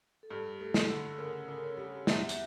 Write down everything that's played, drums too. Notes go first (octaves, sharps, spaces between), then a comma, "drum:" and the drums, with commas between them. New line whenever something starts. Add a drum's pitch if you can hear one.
A4
G2 G4
A3 A4
drum: snare
D3 A4
C#3 A#4
C#3
A#4
C#5
G3
E2 E5, drum: snare
drum: hi-hat